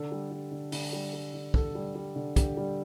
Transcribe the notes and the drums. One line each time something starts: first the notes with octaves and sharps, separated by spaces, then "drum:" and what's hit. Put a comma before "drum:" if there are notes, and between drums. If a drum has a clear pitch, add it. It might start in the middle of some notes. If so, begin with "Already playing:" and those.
Already playing: D3 A4
G3
G3
D3
D3, drum: open hi-hat
G3
G3
D3
D3 A4, drum: kick
G3
G3
D3
D3 G4, drum: kick, hi-hat
G3